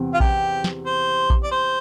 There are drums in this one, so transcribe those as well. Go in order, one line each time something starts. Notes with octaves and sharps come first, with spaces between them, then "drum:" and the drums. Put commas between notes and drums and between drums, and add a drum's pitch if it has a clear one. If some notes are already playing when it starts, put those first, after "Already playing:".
Already playing: E2 C3 C4
F4
G4, drum: kick A#1
drum: snare
C5
drum: kick A#1
D5
C5